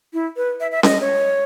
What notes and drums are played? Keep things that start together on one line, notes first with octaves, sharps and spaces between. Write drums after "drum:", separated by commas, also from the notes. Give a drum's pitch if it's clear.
E4
B4
E5
E5
D#5, drum: snare C#4
C#5